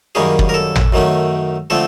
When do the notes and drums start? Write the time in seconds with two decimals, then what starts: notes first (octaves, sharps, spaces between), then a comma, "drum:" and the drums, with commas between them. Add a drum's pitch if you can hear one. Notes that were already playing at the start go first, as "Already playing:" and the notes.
0.15 F#2 D#3 G3 A#3 C#4 G#4
0.39 drum: kick
0.49 A#4
0.54 A4
0.76 drum: tom
0.92 F#2 D#3 F#3 A3 C#4
1.70 D3 F3 A3 C4 A4